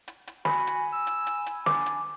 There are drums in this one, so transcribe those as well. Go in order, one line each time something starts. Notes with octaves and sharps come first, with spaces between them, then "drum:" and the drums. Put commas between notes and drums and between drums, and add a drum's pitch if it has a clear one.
drum: hi-hat
drum: hi-hat
F#4 G#5 B5, drum: snare
drum: hi-hat
E6
drum: hi-hat
drum: hi-hat
drum: hi-hat
D4 D6, drum: snare
drum: hi-hat